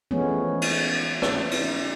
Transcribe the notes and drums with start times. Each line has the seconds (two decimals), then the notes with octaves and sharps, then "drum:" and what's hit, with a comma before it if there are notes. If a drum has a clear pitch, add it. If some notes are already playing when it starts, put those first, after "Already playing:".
0.11 E3 F3 G#3 A3 B3 C#4
0.62 drum: cymbal
1.22 drum: rim click
1.51 drum: cymbal